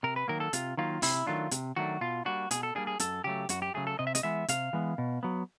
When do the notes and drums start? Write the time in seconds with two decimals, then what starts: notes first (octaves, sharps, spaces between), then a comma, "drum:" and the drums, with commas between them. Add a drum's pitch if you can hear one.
0.03 C3 A#4
0.16 B4
0.28 D#3 F#3 A#3 A#4
0.40 A4
0.53 C3 F4, drum: hi-hat
0.77 D#3 F#3 A#3 F4
1.02 C3 E4, drum: open hi-hat
1.26 D#3 F#3 A3 D4 F4
1.51 C3, drum: hi-hat
1.76 D#3 F#3 A3 D4 F#4
2.01 B2 F4
2.25 G3 A#3 D4 F#4
2.51 B2 G#4, drum: hi-hat
2.63 A4
2.75 G3 A#3 D4 G#4
2.87 G#4
3.00 F#2 A4, drum: hi-hat
3.24 C#3 F#3 A3 G4
3.49 F#2 F#4, drum: hi-hat
3.62 G4
3.74 C#3 F#3 A3 G#4
3.87 A4
3.99 C3 D#5
4.07 E5
4.15 D#5, drum: hi-hat
4.23 E3 G#3 B3 E5
4.48 C3 F5, drum: hi-hat
4.73 E3 G#3 B3
4.98 B2
5.23 F#3 B3